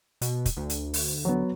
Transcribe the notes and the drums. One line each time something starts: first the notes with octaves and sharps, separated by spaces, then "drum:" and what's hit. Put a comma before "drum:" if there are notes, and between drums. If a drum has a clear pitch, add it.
B2, drum: hi-hat
drum: kick, hi-hat
D2
drum: hi-hat
drum: open hi-hat
F#3 B3